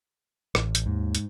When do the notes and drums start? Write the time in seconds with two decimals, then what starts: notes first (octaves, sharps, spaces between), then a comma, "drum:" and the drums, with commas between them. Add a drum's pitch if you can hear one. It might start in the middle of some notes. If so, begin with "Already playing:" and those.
0.55 A1, drum: rim click
0.75 drum: hi-hat
0.86 D#2 G#2
1.15 drum: hi-hat